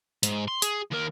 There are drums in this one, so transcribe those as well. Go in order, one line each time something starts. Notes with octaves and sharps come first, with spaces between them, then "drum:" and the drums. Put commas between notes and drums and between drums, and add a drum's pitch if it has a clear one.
G#2, drum: hi-hat
C6
G#4, drum: hi-hat
D#2 A#4